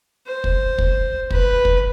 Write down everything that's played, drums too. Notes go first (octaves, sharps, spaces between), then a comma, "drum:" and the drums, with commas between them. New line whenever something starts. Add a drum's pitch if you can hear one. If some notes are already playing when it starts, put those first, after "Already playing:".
C5
drum: kick
drum: kick
B4, drum: kick
drum: kick